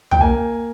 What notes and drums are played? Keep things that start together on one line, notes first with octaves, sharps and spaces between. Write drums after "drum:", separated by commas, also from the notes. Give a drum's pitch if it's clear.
G5, drum: tom
A#3 G#5